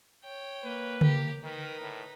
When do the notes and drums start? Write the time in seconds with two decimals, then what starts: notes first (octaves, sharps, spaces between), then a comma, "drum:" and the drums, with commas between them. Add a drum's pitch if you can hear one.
0.24 C#5 G5
0.63 A#3 B4
1.01 G4 A#4, drum: tom C#3
1.43 D#3 D#4 A#4 B4
1.81 A2